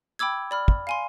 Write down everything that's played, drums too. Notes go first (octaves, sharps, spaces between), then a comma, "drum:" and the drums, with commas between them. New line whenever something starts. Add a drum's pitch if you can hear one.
G5 B5 D6 E6 G#6
D5 B5 F6
drum: kick
F5 G#5 C6